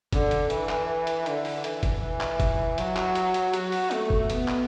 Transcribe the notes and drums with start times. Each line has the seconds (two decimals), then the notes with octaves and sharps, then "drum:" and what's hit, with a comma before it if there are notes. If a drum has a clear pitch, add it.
0.13 D3, drum: kick F1, hi-hat
0.31 drum: hi-hat
0.50 E3, drum: hi-hat
0.69 drum: clap
1.07 drum: hi-hat
1.26 D3, drum: hi-hat
1.45 drum: open hi-hat
1.64 E3, drum: hi-hat
1.83 drum: kick F1, hi-hat
2.01 E3
2.21 drum: clap
2.40 drum: kick F1, hi-hat
2.78 F#3, drum: hi-hat
2.96 drum: clap
3.15 drum: hi-hat
3.34 drum: hi-hat
3.53 F#4, drum: hi-hat
3.72 drum: open hi-hat
3.91 A3, drum: hi-hat
4.10 drum: kick F1
4.30 B3, drum: hi-hat
4.48 drum: clap